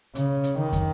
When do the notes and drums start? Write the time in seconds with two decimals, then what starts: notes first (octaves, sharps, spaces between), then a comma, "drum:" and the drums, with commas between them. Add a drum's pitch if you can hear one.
0.15 C#3, drum: hi-hat
0.44 drum: hi-hat
0.58 D#3
0.73 drum: kick, hi-hat